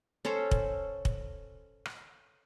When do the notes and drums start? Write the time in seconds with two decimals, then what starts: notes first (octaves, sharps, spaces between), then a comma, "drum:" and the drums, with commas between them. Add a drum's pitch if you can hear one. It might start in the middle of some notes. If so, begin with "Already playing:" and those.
0.25 C#4 A4 C5 C#5
0.51 drum: kick
1.05 drum: kick
1.85 drum: rim click